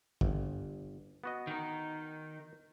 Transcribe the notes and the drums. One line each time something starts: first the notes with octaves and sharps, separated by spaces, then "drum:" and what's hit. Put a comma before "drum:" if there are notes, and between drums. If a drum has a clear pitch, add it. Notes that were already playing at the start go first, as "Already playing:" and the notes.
G1, drum: kick
B3 F#4 D#5
D#3 D#4